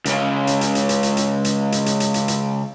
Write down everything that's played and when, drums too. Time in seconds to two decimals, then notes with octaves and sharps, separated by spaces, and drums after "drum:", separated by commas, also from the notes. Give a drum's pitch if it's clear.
0.05 C#2 C#3, drum: hi-hat
0.47 drum: hi-hat
0.61 drum: hi-hat
0.75 drum: hi-hat
0.89 drum: hi-hat
1.03 drum: hi-hat
1.17 drum: hi-hat
1.45 drum: hi-hat
1.72 drum: hi-hat
1.86 drum: hi-hat
2.00 drum: hi-hat
2.14 drum: hi-hat
2.28 drum: hi-hat